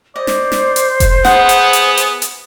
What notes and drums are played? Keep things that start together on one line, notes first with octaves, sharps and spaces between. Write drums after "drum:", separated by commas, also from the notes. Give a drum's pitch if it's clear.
C5 D5 D#5
drum: snare
drum: snare
drum: hi-hat
drum: kick F1, hi-hat
B3 G#4 F#5, drum: snare
drum: hi-hat
drum: hi-hat
drum: hi-hat
drum: hi-hat